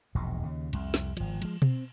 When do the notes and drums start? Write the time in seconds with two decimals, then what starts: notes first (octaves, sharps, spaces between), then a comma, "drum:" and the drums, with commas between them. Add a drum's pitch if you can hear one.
0.15 E1 A#1 G#2 B2
0.43 D#2 C#3
0.73 C2 F2, drum: cymbal
0.94 drum: snare
1.17 G#1 F3, drum: cymbal
1.42 F3 G#3, drum: cymbal
1.62 C4, drum: tom B2